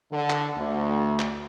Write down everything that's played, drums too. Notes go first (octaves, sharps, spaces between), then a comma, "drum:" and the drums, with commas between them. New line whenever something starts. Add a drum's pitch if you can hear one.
D3
drum: clap
D2
drum: clap